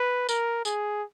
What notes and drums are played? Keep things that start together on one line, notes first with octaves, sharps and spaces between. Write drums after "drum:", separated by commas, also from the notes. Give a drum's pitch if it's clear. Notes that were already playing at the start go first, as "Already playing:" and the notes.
Already playing: B4
A#4, drum: tambourine
G#4, drum: tambourine